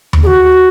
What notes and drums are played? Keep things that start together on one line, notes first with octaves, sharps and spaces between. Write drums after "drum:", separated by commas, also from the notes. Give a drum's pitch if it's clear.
drum: tom D#2
G#4
F#4